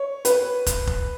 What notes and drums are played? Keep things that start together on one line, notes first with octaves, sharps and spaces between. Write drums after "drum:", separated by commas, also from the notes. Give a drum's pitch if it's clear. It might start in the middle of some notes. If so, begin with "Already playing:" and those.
Already playing: C#5
B4, drum: hi-hat
drum: kick, hi-hat
drum: kick